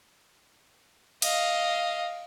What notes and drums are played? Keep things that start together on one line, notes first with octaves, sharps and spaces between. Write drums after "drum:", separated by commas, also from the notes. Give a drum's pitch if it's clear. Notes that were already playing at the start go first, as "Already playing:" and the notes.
D#5 F5, drum: cymbal